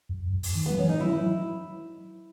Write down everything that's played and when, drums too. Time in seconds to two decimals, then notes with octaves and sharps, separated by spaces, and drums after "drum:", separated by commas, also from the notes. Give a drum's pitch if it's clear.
0.09 F#2
0.32 F#2
0.43 drum: open hi-hat
0.55 D#3
0.66 F#3 B3
0.78 E3 C#4
0.89 D#4
1.00 F#3 E4